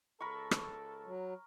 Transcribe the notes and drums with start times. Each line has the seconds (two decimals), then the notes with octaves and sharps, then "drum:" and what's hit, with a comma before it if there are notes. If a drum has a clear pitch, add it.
0.20 C#2 A4 A#4 B5 C#6
0.51 drum: rim click
1.06 F#3